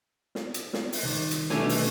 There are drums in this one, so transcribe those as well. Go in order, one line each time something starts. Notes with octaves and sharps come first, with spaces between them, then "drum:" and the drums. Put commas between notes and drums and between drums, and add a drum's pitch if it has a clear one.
drum: snare
drum: hi-hat
drum: snare
drum: open hi-hat
C2 D#3 D5
drum: hi-hat
B2 D3 G3 A3 C#4, drum: snare
drum: open hi-hat